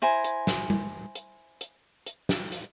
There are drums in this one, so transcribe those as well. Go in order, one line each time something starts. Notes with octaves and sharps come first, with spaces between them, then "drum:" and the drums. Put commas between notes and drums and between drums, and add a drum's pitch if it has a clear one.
E4 C5 G#5 A#5
drum: hi-hat
drum: snare
drum: tom G3
drum: hi-hat
drum: hi-hat
drum: hi-hat
drum: snare
drum: hi-hat